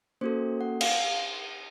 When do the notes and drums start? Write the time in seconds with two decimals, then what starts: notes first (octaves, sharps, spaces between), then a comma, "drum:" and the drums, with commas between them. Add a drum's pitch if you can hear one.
0.21 A#3 C#4 F#4 A4 C5
0.61 F#5
0.81 F5, drum: cymbal